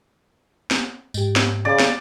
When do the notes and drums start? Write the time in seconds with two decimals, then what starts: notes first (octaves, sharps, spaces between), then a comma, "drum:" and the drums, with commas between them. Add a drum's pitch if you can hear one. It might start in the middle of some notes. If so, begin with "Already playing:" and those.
0.71 drum: snare
1.14 G#2 G4, drum: tambourine
1.36 drum: snare
1.65 C#3 D5
1.80 drum: snare